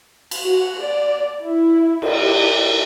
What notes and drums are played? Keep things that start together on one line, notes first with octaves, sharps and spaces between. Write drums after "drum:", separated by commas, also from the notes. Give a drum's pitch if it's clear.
drum: cymbal
F#4
D5
E4
drum: cymbal
G4